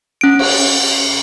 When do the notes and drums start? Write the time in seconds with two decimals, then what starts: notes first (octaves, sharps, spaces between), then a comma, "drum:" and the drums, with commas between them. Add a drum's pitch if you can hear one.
0.21 C#4 D7
0.39 drum: cymbal